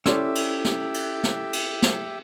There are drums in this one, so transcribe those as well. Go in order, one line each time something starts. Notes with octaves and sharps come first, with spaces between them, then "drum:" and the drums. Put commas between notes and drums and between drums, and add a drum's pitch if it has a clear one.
C#4 E4 G4 A4 C5 D5 E5 E6, drum: snare
drum: cymbal
drum: snare
drum: cymbal
drum: snare
drum: cymbal
drum: snare